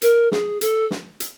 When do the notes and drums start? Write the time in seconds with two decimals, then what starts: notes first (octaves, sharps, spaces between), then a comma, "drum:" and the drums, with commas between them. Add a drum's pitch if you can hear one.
0.02 A#4, drum: hi-hat
0.32 G#4, drum: snare
0.61 A4, drum: hi-hat
0.91 drum: snare
1.20 drum: hi-hat